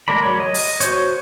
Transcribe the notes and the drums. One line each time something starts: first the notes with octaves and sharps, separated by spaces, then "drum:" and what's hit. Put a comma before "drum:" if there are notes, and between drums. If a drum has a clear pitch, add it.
G#3 A3 A#4 D5 B5
F#3 C#5
D#5
drum: open hi-hat
F#4 C5 C#5, drum: hi-hat